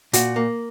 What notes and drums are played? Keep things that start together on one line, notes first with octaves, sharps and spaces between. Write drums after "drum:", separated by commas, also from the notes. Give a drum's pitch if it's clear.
A#2 F#4, drum: hi-hat
A#3